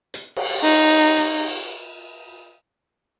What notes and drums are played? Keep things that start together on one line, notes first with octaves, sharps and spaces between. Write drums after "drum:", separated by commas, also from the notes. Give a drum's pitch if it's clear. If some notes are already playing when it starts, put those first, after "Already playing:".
drum: hi-hat
drum: cymbal
D#4, drum: cymbal
drum: hi-hat
drum: cymbal